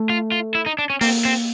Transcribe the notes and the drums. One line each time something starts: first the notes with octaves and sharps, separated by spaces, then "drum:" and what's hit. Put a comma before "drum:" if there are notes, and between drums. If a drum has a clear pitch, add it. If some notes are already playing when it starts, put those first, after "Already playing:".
Already playing: A3
F4
F4
E4
D#4
D4
C#4
A#3 C4, drum: open hi-hat
C4